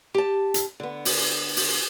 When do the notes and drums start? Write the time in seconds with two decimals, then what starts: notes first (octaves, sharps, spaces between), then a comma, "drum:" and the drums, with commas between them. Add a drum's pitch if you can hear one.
0.14 G4 A5
0.54 drum: hi-hat
0.80 D3 B3
1.05 drum: open hi-hat
1.56 drum: open hi-hat